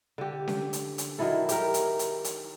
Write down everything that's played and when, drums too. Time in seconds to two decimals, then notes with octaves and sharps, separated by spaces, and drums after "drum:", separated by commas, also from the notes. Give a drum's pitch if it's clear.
0.18 D3 G4
0.48 drum: snare C#4
0.73 drum: hi-hat
0.98 drum: hi-hat
1.19 D#3 F#3 E4 A4
1.49 G4 A#4, drum: hi-hat
1.74 drum: hi-hat
1.99 drum: hi-hat
2.24 drum: hi-hat